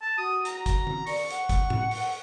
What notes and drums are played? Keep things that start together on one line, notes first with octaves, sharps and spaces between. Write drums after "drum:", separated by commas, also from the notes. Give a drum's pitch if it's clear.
A5
F#4 D#6
A#5, drum: hi-hat
drum: kick G1, hi-hat
drum: tom
D5 C#6, drum: open hi-hat
F#5, drum: hi-hat
drum: kick G1, hi-hat
drum: tom
drum: open hi-hat